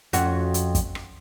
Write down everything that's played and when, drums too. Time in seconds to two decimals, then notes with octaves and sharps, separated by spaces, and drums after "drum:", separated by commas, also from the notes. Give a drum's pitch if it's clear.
0.13 F2 C#4 F#4, drum: hi-hat
0.54 drum: hi-hat
0.75 drum: kick, hi-hat
0.95 drum: rim click